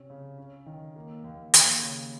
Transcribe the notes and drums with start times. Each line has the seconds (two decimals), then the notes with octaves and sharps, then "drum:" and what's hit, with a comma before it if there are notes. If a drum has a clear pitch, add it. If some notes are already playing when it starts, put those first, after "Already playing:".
Already playing: C3 C#4
0.10 C#3
0.38 C#4
0.66 D#3
0.96 A#3
1.24 D#2
1.54 D#2, drum: hi-hat
1.82 C#3